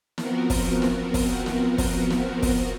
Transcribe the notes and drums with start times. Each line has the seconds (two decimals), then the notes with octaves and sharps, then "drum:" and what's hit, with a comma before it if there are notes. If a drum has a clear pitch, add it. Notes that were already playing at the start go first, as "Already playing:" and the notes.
0.18 F3 B3 C4 F#4 A#4, drum: snare
0.50 drum: kick, open hi-hat
0.82 drum: snare
1.14 drum: kick, open hi-hat
1.46 drum: snare
1.78 drum: kick, open hi-hat
2.10 drum: snare
2.42 drum: kick, open hi-hat